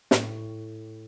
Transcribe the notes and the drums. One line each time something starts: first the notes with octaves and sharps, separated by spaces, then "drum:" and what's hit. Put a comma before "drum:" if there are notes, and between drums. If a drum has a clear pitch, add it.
A2, drum: snare